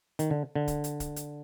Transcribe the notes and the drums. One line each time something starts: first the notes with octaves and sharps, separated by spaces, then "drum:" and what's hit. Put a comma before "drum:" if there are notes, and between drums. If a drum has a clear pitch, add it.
D#3, drum: hi-hat
D3
D3
drum: kick, hi-hat
drum: hi-hat
drum: kick, hi-hat
drum: hi-hat